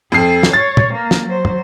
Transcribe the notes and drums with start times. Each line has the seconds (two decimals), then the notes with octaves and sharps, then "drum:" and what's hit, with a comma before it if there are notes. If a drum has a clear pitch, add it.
0.12 F2 A4 C7
0.43 drum: snare
0.53 C#5 A6
0.77 drum: tom
0.94 A#3
1.11 drum: snare
1.27 F#3 C5
1.45 drum: tom